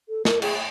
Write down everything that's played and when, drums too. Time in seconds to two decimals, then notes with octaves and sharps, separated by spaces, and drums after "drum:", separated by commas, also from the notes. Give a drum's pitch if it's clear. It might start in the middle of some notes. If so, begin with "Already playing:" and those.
0.09 A4
0.25 A#4, drum: snare
0.42 G#4, drum: cymbal